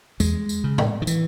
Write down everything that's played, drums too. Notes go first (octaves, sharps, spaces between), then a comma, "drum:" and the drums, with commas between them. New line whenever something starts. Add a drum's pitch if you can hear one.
E2 G#3, drum: tambourine
drum: tambourine
C#3
drum: tom A2
D#3
E3, drum: tambourine